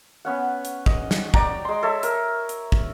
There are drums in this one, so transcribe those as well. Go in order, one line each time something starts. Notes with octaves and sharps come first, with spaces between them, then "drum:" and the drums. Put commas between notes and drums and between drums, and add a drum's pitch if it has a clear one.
B3 C#4 F#5
drum: hi-hat
D#5, drum: kick
drum: snare
D5 G5 A#5, drum: kick
G#3 C6
A4 C#5 E5
A#4, drum: hi-hat
drum: hi-hat
drum: kick